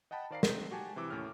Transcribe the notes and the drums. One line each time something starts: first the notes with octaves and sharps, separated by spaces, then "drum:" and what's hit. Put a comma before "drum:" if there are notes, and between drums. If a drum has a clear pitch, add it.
D#5 F#5 G5 A5 B5
D#3 C5 D5 F5 A#5 C7
A3 C4 D4 D#4, drum: snare
F#4 G4 G#5 A5
C3 E3 D6 E6
D#2 A2 C#4 F6